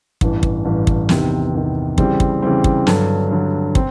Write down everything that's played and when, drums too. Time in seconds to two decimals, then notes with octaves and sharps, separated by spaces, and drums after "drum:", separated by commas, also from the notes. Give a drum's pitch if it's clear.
0.21 A1 G2 E3, drum: kick
0.43 drum: kick
0.65 A1 G2 E3
0.87 drum: kick
1.09 E2 C3 D#3, drum: snare
1.54 E2 C3 D#3
1.98 C#3 E3 G3 C4, drum: kick
2.20 drum: kick
2.42 C#3 E3 G3 C4
2.64 drum: kick
2.87 G2 D3 F#3, drum: snare
3.31 G2 D3 F#3
3.75 C4, drum: kick